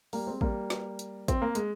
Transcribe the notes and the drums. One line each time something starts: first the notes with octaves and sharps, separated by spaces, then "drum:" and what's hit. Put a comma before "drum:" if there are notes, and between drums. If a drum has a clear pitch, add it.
G3 A#3, drum: open hi-hat
G#3 C4
G3 A#3, drum: kick A1
drum: snare
drum: hi-hat
C4, drum: kick A1, hi-hat
A#3
G#3, drum: hi-hat